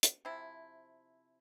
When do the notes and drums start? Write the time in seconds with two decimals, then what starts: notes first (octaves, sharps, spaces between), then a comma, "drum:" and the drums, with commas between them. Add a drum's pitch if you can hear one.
0.03 drum: hi-hat
0.25 C3 F3 E4